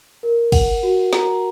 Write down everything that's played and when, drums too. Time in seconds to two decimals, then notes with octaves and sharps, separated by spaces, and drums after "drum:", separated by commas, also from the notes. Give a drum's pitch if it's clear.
0.23 A#4
0.52 F#5, drum: kick, cymbal
0.83 F#4
1.13 A#5, drum: snare